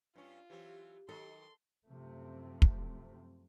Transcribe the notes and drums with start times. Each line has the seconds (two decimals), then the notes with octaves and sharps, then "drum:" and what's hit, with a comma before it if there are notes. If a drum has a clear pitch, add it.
0.16 G2 C#4 F4
0.50 E3 F#3 C4 G4
1.09 D#3 F#3 A4 D#5 C6
1.89 F#2 C3 F3 A3 C4
2.62 drum: kick